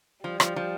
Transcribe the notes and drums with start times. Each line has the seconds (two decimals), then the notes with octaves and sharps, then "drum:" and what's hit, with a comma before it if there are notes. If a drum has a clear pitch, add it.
0.24 F3 G3
0.40 F3, drum: rim click
0.56 F3